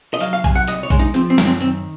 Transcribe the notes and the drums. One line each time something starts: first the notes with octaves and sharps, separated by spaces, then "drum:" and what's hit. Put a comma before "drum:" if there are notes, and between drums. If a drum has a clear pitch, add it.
D#5
F#3 F5, drum: hi-hat
F5
C3 G#5, drum: kick A#1, hi-hat
F#5
C2 D#5, drum: hi-hat
C#5
G#3, drum: kick A#1, hi-hat
D#4
F3 C4, drum: hi-hat
C4
F#2, drum: snare
C4
D#3 C4, drum: hi-hat